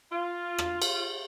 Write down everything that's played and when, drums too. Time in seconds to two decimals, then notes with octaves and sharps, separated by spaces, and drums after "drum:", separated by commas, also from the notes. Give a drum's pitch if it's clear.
0.12 F4
0.58 drum: rim click
0.82 drum: cymbal